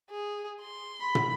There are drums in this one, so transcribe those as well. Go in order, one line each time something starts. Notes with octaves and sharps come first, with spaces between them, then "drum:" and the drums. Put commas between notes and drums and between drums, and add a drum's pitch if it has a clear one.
G#4
C6
B5
drum: tom